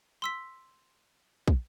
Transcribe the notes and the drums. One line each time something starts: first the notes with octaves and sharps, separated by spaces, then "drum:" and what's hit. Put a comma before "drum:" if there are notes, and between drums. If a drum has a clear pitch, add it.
C6 E6 B6
drum: kick